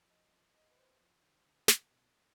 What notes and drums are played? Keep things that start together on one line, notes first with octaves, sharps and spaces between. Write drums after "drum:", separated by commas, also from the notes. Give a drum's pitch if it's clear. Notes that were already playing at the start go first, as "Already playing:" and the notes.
Already playing: F3
D#5
D#5
B4
C5
F3
D#3
D3
C3, drum: snare
B2